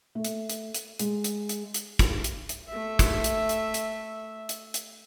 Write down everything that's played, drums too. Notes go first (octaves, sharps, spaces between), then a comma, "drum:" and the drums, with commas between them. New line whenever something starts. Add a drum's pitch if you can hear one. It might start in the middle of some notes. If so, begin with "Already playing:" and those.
A3
drum: hi-hat
drum: hi-hat
drum: hi-hat
G#3, drum: hi-hat
drum: hi-hat
drum: hi-hat
drum: hi-hat
drum: kick, hi-hat
drum: hi-hat
drum: hi-hat
A3 E5
drum: kick, hi-hat
drum: hi-hat
drum: hi-hat
drum: hi-hat
drum: hi-hat
drum: hi-hat